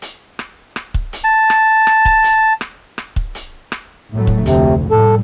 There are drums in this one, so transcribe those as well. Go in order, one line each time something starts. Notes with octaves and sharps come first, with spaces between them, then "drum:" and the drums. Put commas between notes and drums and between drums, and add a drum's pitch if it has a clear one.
drum: hi-hat
drum: rim click
drum: rim click
drum: kick C#1
drum: hi-hat
A5
drum: rim click
drum: rim click
drum: kick C#1
drum: hi-hat
drum: rim click
drum: rim click
drum: kick C#1
drum: hi-hat
drum: rim click
A2 F#3 A3
drum: kick C#1
F1 D2 C3, drum: hi-hat
A2 G3 A4